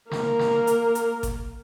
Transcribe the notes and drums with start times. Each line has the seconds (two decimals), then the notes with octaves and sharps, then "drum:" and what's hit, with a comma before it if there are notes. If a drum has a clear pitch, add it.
0.11 A#3 A#4, drum: snare
0.39 drum: snare
0.67 drum: hi-hat
0.95 drum: hi-hat
1.23 drum: kick G1, hi-hat